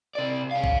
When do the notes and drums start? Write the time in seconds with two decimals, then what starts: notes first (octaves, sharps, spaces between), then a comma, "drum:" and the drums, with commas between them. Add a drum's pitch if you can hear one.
0.15 C3 D5
0.51 C#5 F5
0.64 drum: kick